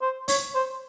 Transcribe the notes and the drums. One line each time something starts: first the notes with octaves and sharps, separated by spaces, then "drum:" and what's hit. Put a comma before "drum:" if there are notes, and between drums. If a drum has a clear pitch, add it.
C5
C#5, drum: open hi-hat
C5